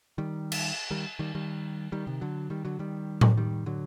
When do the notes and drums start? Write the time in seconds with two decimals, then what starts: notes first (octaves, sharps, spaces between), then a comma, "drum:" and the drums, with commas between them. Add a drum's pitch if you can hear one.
0.18 D#3 G3
0.52 drum: cymbal
0.91 D#3 G3
1.19 D#3 G3
1.35 D#3 G3
1.92 D#3 G3
2.07 C3 D#3
2.21 D3 F#3
2.50 D#3 G3
2.65 D3 F#3
2.79 D#3 G3
3.21 drum: tom A2
3.37 D#3 G3
3.66 D3 F#3